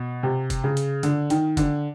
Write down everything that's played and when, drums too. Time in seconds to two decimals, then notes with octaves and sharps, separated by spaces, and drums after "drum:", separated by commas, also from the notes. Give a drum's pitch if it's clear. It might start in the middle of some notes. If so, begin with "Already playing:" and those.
Already playing: B2
0.23 C3
0.50 drum: kick F#1, hi-hat
0.64 C#3
0.77 drum: hi-hat
1.03 D3, drum: hi-hat
1.30 D#3, drum: hi-hat
1.57 D3, drum: kick F#1, hi-hat